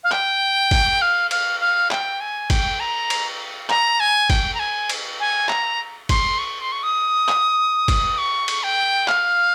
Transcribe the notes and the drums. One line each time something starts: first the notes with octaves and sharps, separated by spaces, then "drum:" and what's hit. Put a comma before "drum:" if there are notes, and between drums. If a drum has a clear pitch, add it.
F5
G5, drum: clap
drum: kick, cymbal
F5
F5, drum: cymbal
F5
G5, drum: clap
G#5
G5, drum: kick, cymbal
A#5
drum: cymbal
A#5, drum: clap
G#5
G5, drum: kick, cymbal
A#5
G#5
drum: cymbal
G#5
A#5, drum: clap
C6, drum: kick, cymbal
C#6
C6
C#6
D#6
drum: clap
drum: kick, cymbal
C#6
drum: cymbal
G5
F5, drum: clap